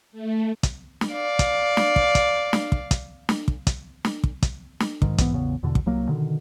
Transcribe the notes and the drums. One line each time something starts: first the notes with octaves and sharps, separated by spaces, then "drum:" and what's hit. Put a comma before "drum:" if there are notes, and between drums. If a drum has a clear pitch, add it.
A3
drum: kick, hi-hat
drum: snare
D5 F5
drum: kick, hi-hat
drum: snare
drum: kick
drum: kick, hi-hat
drum: snare
drum: kick
drum: kick, hi-hat
drum: snare
drum: kick
drum: kick, hi-hat
drum: snare
drum: kick
drum: kick, hi-hat
drum: snare
G#2 D#3, drum: kick
B1 G#2 E3 B3, drum: kick, hi-hat
A1 E2 C#3 B3
E2 B2 D3
drum: kick
C2 F#3 A#3
B2 D3 D#3